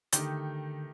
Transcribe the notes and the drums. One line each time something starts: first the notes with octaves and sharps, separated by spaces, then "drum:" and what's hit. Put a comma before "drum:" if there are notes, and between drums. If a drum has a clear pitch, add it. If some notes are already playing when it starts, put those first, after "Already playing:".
D3 D#3 A3 D#4 G4, drum: hi-hat